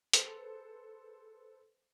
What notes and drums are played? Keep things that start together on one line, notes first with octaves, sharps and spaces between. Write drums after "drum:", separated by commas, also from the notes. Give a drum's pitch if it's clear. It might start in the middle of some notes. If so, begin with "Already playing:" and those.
G#4 A4 B4 C5, drum: hi-hat